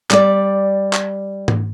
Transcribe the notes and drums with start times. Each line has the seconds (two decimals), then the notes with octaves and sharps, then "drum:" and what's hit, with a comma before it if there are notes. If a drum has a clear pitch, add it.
0.10 G3 D5, drum: clap
0.93 drum: clap
1.48 drum: tom G#2